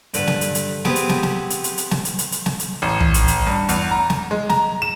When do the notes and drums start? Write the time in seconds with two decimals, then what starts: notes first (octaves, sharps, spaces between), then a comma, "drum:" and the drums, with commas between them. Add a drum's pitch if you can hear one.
0.14 G2 D3 B4, drum: hi-hat
0.27 drum: snare
0.41 drum: hi-hat
0.55 drum: hi-hat
0.85 B3 C4 G4 G#4 B4, drum: snare
0.96 drum: hi-hat
1.09 drum: snare
1.23 drum: snare
1.50 drum: hi-hat
1.64 drum: hi-hat
1.78 drum: hi-hat
1.91 drum: snare
2.05 drum: hi-hat
2.19 drum: hi-hat
2.32 drum: hi-hat
2.46 drum: snare
2.60 drum: hi-hat
2.82 A1
3.00 drum: tom
3.14 drum: hi-hat
3.28 drum: hi-hat
3.46 G2
3.69 E2, drum: hi-hat
3.91 A#5
4.10 drum: snare
4.31 G#3
4.49 A#5, drum: snare
4.82 E7